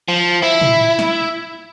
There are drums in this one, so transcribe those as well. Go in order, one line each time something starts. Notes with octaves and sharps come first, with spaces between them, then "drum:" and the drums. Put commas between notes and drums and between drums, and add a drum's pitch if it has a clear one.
F3
E4
drum: tom
drum: snare